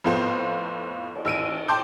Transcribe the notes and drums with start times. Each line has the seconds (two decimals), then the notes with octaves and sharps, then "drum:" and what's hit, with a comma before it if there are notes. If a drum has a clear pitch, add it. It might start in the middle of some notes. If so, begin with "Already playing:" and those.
0.04 F2 A2 B3 F4 C5
1.15 drum: cymbal
1.25 A1 E6 D7 D#7
1.68 G5 A5 C6 D6 G6